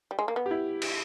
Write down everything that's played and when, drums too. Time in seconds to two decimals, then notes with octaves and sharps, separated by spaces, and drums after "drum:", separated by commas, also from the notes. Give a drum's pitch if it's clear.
0.11 G3
0.19 G#3
0.28 A#3
0.36 B3
0.46 G4
0.51 E4
0.82 drum: cymbal